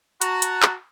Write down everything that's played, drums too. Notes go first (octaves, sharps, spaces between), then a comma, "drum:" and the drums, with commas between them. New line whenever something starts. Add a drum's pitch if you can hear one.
F#4 A5 A#5, drum: hi-hat
drum: hi-hat
drum: clap